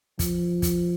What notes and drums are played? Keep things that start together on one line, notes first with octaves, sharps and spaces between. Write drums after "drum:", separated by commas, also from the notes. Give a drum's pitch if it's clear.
F3, drum: kick, hi-hat
drum: kick, hi-hat